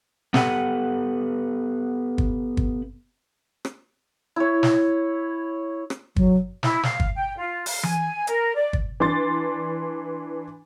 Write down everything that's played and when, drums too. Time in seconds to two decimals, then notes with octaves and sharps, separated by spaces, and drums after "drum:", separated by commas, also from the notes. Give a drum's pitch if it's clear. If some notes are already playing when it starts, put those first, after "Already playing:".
0.34 B3 G4 A4 B4 F5 F#5, drum: snare
2.18 drum: kick
2.57 drum: kick
3.65 drum: rim click
4.36 E4 C#5
4.63 drum: snare
5.90 drum: rim click
6.16 F#3, drum: kick
6.63 E4, drum: snare
6.83 F5, drum: snare
7.00 drum: kick
7.15 G5
7.37 F4
7.66 F5, drum: open hi-hat
7.83 G#5, drum: tom E3
8.27 A#4, drum: hi-hat
8.55 D5
8.73 drum: kick
9.00 E3 D4 C6 A6